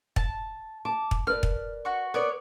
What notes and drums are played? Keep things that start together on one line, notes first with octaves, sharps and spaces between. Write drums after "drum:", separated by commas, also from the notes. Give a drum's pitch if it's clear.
A5, drum: kick
A5 D6
drum: kick
A#4 B4 D5 F6
drum: kick
F#4 C#6
B3 A#4 B4 C#5 D5